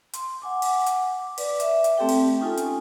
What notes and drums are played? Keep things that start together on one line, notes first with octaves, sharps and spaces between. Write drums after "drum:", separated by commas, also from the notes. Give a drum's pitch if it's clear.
C6, drum: hi-hat
F#5 G#5 D6
drum: open hi-hat
drum: hi-hat
B4 D5 D6, drum: open hi-hat
E5, drum: hi-hat
drum: hi-hat
A3 C4 G4 A4 G5
drum: open hi-hat
C#4 D#4 F4 A4 G#5
drum: hi-hat